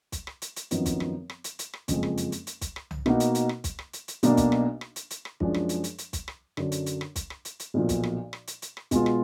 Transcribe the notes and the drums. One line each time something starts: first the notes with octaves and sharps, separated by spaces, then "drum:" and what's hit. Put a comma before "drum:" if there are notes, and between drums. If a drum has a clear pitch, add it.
drum: kick, hi-hat
drum: rim click
drum: hi-hat
drum: hi-hat
G#1 F#2 F3 B3 D#4, drum: hi-hat
drum: kick, hi-hat
drum: rim click
drum: rim click
drum: hi-hat
drum: hi-hat
drum: rim click
F#1 F2 F3 G#3, drum: kick, hi-hat
drum: rim click
drum: hi-hat
drum: hi-hat
drum: hi-hat
drum: kick, hi-hat
drum: rim click
drum: tom C2
B2 A#3 D#4 F#4, drum: rim click
drum: hi-hat
drum: hi-hat
drum: rim click
drum: kick, hi-hat
drum: rim click
drum: hi-hat
drum: hi-hat
B1 B2 A#3 D4, drum: hi-hat
drum: kick, hi-hat
drum: rim click
drum: rim click
drum: hi-hat
drum: hi-hat
drum: rim click
F#2 F3 G#3 D4 G#4, drum: kick
drum: rim click
drum: hi-hat
drum: hi-hat
drum: hi-hat
drum: kick, hi-hat
drum: rim click
F#2 D3 F#3 D4, drum: rim click
drum: hi-hat
drum: hi-hat
drum: rim click
drum: kick, hi-hat
drum: rim click
drum: hi-hat
drum: hi-hat
B1 A#2 F3
drum: kick, hi-hat
drum: rim click
drum: rim click
drum: hi-hat
drum: hi-hat
drum: rim click
B2 G#3 B3 F4, drum: kick, hi-hat
drum: rim click